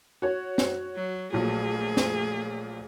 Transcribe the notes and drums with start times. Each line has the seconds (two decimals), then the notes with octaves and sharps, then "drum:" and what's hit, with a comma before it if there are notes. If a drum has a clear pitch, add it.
0.22 F#4 C#5
0.58 drum: snare
0.95 F#3
1.33 A#1 A#2 F#3 A3 G#4
1.97 drum: snare